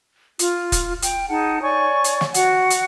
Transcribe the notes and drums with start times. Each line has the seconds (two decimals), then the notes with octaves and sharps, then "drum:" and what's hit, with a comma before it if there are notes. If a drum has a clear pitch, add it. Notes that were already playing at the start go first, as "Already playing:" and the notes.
0.39 F4, drum: hi-hat
0.72 drum: kick, hi-hat
1.02 G5, drum: hi-hat
1.29 D#4 G#4 F#5 A5
1.62 C#5 D5 G#5 C#6
2.04 drum: hi-hat
2.21 drum: snare
2.34 F#4 F#5, drum: hi-hat
2.70 drum: hi-hat